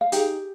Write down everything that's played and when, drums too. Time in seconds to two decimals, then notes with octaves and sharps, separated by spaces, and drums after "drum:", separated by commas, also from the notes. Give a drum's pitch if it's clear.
0.01 F5
0.12 D#4 G4 G#4 G5, drum: hi-hat